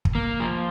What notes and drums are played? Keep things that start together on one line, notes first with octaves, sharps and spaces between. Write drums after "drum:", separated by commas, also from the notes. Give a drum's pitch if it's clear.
drum: kick
A#3
F3